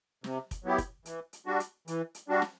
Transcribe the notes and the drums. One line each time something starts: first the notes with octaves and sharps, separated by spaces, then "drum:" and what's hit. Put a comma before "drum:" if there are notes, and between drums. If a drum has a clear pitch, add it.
C3, drum: snare
drum: kick, hi-hat
F#3 B3 E4 G4
drum: kick, hi-hat
E3, drum: hi-hat
drum: hi-hat
G3 D4 F#4
drum: hi-hat
E3, drum: hi-hat
drum: hi-hat
G3 D4 F#4
drum: snare